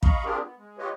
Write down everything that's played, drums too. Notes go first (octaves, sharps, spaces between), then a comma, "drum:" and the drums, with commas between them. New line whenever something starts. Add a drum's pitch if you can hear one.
D#5 F5 A#5 B5 C#6, drum: kick
C4 D4 F4 G4 G#4 A#4
B3
G#3
F4 G4 B4 C#5 D#5